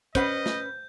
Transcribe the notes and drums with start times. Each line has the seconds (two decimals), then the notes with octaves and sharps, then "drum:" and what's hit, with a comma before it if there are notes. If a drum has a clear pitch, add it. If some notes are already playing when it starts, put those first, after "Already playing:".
0.15 C#4 B4 C5 D#5 F#5 G6, drum: kick, hi-hat
0.46 drum: snare